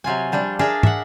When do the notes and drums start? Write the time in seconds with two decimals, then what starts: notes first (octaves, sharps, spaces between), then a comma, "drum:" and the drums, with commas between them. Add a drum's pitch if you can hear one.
0.04 C3 F#3 F4 G#5
0.32 F3 G3 D4
0.59 D4 G#4 A#4 D5 E5 A5
0.83 E5 F#5, drum: tom